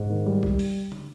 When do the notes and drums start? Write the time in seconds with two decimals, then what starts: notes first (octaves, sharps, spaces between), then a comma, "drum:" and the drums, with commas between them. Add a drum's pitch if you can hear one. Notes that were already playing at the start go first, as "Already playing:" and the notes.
Already playing: G#2
0.10 D#3
0.26 G3
0.43 G3, drum: kick
0.59 drum: open hi-hat
0.92 drum: tom